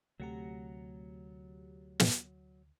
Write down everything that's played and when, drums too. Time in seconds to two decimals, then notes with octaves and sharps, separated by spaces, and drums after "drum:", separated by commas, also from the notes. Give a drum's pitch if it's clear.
0.20 D2 C3 F#3 A3 G4 F#5 A#5
2.00 drum: snare